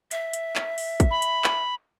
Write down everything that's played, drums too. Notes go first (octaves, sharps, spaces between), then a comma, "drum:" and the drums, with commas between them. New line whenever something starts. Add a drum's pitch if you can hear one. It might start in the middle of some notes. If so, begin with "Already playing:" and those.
E5, drum: hi-hat
drum: hi-hat
drum: clap
drum: open hi-hat
drum: kick, hi-hat
B5
drum: hi-hat
drum: clap